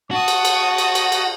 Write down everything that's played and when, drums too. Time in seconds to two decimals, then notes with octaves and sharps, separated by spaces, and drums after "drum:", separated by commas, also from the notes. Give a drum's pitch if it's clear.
0.11 F#4 A5 C#6 D#6
0.28 drum: cymbal
0.45 drum: cymbal
0.78 drum: cymbal
0.95 drum: cymbal
1.12 drum: cymbal